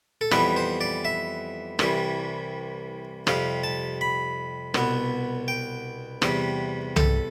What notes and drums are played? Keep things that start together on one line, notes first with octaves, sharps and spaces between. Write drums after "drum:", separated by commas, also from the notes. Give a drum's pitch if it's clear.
A4
F2 E3 G3 B3 B4, drum: rim click
C5
D5
E5
C2 C3 E3 G3, drum: rim click
F2 C3 G3 F5, drum: rim click
A5
B5
C2 B2 B3, drum: rim click
G5
E2 C3 G3, drum: rim click
A4, drum: tom C2